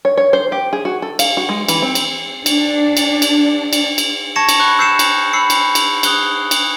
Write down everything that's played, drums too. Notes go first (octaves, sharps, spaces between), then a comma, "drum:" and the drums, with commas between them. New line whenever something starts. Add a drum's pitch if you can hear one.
C#5
C#5
C5
G4
G#4
F#4
A4
F5, drum: cymbal
F#4
G#3
E3, drum: cymbal
C4
drum: cymbal
D4, drum: cymbal
drum: cymbal
drum: cymbal
drum: cymbal
drum: cymbal
A5 C#6 G#6 A#6 C#7 E7
drum: cymbal
B5 C#6 F#6
E6 G6 C7 C#7 E7
drum: cymbal
B5 E6 C7 C#7
drum: cymbal
drum: cymbal
D#6 F#6 G7, drum: cymbal
drum: cymbal